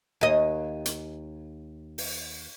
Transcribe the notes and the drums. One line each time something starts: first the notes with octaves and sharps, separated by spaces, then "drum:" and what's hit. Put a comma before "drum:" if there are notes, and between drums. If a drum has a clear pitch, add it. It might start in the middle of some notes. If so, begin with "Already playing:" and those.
D#2 D#5
drum: hi-hat
drum: open hi-hat